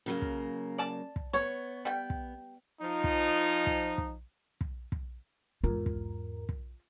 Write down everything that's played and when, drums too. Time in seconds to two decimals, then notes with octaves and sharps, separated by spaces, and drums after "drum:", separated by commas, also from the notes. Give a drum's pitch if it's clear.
0.06 C#3 F#3 A#3
0.22 drum: kick
0.78 D5 A5
1.16 drum: kick
1.33 B3 C#5
1.85 G3 G5
2.10 drum: kick
2.81 F3 D#4
3.04 drum: kick
3.67 drum: kick
3.98 drum: kick
4.61 drum: kick
4.92 drum: kick
5.64 E2 G#2 F4 A#4
5.86 drum: kick
6.49 drum: kick